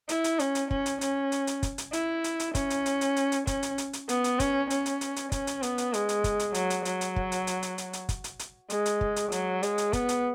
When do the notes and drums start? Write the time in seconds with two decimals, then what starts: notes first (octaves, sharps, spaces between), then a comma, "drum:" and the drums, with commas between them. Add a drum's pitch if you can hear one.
0.09 E4, drum: hi-hat
0.24 drum: hi-hat
0.39 C#4, drum: hi-hat
0.55 drum: hi-hat
0.71 C#4, drum: kick
0.86 drum: hi-hat
1.01 C#4, drum: hi-hat
1.32 drum: hi-hat
1.47 drum: hi-hat
1.63 drum: kick, hi-hat
1.78 drum: hi-hat
1.93 E4, drum: hi-hat
2.24 drum: hi-hat
2.40 drum: hi-hat
2.55 C#4, drum: kick, hi-hat
2.70 drum: hi-hat
2.86 drum: hi-hat
3.01 drum: hi-hat
3.16 drum: hi-hat
3.32 drum: hi-hat
3.47 C#4, drum: kick, hi-hat
3.63 drum: hi-hat
3.78 drum: hi-hat
3.93 drum: hi-hat
4.09 B3, drum: hi-hat
4.24 drum: hi-hat
4.40 C#4, drum: kick, hi-hat
4.70 C#4, drum: hi-hat
4.86 drum: hi-hat
5.01 drum: hi-hat
5.16 drum: hi-hat
5.32 C#4, drum: kick, hi-hat
5.47 drum: hi-hat
5.63 B3, drum: hi-hat
5.78 drum: hi-hat
5.94 G#3, drum: hi-hat
6.09 drum: hi-hat
6.24 drum: kick, hi-hat
6.39 drum: hi-hat
6.54 F#3, drum: hi-hat
6.70 drum: hi-hat
6.85 F#3, drum: hi-hat
7.01 drum: hi-hat
7.16 drum: kick
7.32 drum: hi-hat
7.47 drum: hi-hat
7.62 drum: hi-hat
7.78 drum: hi-hat
7.93 drum: hi-hat
8.09 drum: kick, hi-hat
8.24 drum: hi-hat
8.39 drum: hi-hat
8.70 G#3, drum: hi-hat
8.86 drum: hi-hat
9.01 drum: kick
9.16 drum: hi-hat
9.32 F#3, drum: hi-hat
9.63 G#3, drum: hi-hat
9.78 drum: hi-hat
9.93 B3, drum: kick, hi-hat
10.09 drum: hi-hat